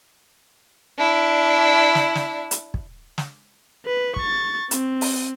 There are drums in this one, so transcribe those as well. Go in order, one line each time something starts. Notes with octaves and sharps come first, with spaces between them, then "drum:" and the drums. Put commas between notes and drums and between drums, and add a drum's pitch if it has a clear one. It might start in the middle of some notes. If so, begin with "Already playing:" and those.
D4 E4
drum: snare
drum: snare
drum: hi-hat
drum: kick
drum: snare
B4
C#6 A6, drum: kick
C4, drum: hi-hat
drum: open hi-hat